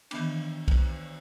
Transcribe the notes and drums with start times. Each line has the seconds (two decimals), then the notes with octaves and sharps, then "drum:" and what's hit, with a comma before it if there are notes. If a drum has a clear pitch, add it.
0.11 D#3 E3 B3 D4, drum: cymbal
0.68 drum: kick B1, cymbal